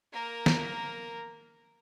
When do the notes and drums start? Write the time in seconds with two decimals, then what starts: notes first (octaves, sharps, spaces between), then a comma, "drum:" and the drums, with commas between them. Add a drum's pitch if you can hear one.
0.13 A#3 A#4
0.46 drum: snare